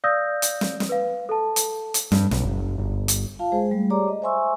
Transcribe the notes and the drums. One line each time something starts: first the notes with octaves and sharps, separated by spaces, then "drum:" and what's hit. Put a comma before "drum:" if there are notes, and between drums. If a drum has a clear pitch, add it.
D5 F5 D#6 E6 G6 A#6
drum: hi-hat
drum: snare
drum: snare
B4 F5
A4 A5
drum: hi-hat
drum: hi-hat
G2, drum: snare
B1, drum: snare
F#1
G1
drum: hi-hat
F4 F5 A5
G#3 G#4 C5
G3 A3
G4 G#4 C#5 D5 A#5 D6
D#5
C5 E5 G#5 C6 C#6 E6